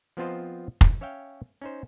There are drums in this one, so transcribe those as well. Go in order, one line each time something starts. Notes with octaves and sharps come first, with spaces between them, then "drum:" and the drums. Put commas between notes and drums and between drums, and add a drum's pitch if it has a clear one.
F3 B3 C4 F4 C5 D#5
drum: kick F1
C#4 C#5 E5 F5 G5
C#4 D#4 C5